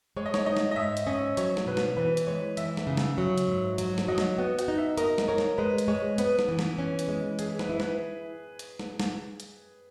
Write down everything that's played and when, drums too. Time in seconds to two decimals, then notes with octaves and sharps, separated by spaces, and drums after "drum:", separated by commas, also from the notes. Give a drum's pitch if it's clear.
0.16 G#3 C#5
0.26 D#5
0.34 C#5, drum: snare
0.46 D#4 D#5
0.57 drum: snare
0.71 D#5
0.76 G#2 E5
0.97 drum: hi-hat
1.07 C#4 D#5
1.37 F#3 C#5, drum: hi-hat
1.57 drum: snare
1.66 B2 B4
1.77 drum: snare
1.97 E3 B4
2.17 drum: hi-hat
2.27 G#3 C#5
2.57 E3 E5, drum: hi-hat
2.77 drum: snare
2.87 C#3
2.97 drum: snare
3.18 F#3
3.38 drum: hi-hat
3.48 G#2
3.78 F#3, drum: hi-hat
3.98 drum: snare
4.08 F#3 D#5
4.18 drum: snare
4.38 B3 F#4
4.59 F#4, drum: hi-hat
4.68 D#4
4.78 E5
4.98 A#4 D#5, drum: hi-hat
5.18 drum: snare
5.28 A#4 C#5
5.38 drum: snare
5.58 G#3 B4
5.78 drum: hi-hat
5.88 G#3 C#5
6.18 B3 B4, drum: hi-hat
6.39 drum: snare
6.49 E3
6.59 drum: snare
6.78 C#4
6.99 drum: hi-hat
7.09 G#3
7.39 E3 G#4, drum: hi-hat
7.59 B4, drum: snare
7.69 E4
7.80 B4, drum: snare
8.59 drum: hi-hat
8.79 drum: snare
9.00 drum: snare
9.40 drum: hi-hat